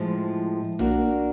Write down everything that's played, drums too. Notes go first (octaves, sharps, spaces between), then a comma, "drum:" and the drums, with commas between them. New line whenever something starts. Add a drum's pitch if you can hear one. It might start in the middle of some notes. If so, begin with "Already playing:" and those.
Already playing: A2 F3 G#3
A#3 D4 F#4 A#4, drum: tom B1